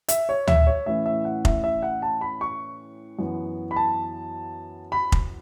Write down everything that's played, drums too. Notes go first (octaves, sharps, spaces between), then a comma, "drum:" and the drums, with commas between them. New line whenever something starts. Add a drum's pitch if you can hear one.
E5, drum: hi-hat
C#5
E5, drum: tom D2
C#5
A2 E3 C#4 E5
E5
F#5
E5, drum: kick F1
E5
F#5
A5
B5
C#6
F#2 E3 B3
B5
A5
B5
drum: kick F1